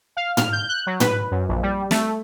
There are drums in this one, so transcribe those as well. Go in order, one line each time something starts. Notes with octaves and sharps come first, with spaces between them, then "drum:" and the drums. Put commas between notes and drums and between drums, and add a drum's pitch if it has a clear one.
F5
F6, drum: tom
G6
F#6
F#3
B4, drum: tom
F#2
A#1
G3
A3, drum: snare